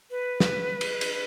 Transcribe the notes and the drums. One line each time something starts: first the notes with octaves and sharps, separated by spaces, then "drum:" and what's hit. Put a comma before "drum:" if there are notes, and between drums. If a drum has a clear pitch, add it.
B4
drum: snare
drum: cymbal
drum: cymbal